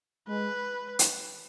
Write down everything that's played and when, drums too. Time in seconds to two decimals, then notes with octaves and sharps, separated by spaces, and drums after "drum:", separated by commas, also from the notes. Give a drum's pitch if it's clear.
0.28 G#3 B4
0.99 drum: hi-hat